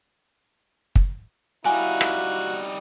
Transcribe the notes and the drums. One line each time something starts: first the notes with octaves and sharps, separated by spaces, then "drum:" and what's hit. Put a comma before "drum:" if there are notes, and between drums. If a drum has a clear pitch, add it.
drum: kick
G3 D#4 E4 F#4 F5 G#5
drum: rim click